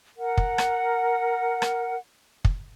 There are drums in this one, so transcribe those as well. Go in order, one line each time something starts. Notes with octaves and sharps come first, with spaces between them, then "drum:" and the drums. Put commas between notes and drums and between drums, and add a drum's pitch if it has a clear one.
A#4 F#5
drum: kick
drum: rim click
drum: rim click
drum: kick